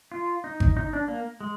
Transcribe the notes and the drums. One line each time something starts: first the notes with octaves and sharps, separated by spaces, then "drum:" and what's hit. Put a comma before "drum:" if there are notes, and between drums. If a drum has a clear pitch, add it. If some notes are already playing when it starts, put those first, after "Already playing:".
F4
D#4
drum: kick G#1
D#4
D4
A#3
G#3